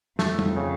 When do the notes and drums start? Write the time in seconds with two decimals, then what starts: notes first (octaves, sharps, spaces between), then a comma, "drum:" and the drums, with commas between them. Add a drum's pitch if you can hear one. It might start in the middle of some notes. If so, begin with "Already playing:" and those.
0.19 F2 A3, drum: snare
0.39 drum: tom
0.57 C#3